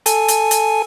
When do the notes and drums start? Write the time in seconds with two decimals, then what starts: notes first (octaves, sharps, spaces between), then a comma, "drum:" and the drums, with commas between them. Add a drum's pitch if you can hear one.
0.06 A4 G#5, drum: hi-hat
0.28 drum: hi-hat
0.51 drum: hi-hat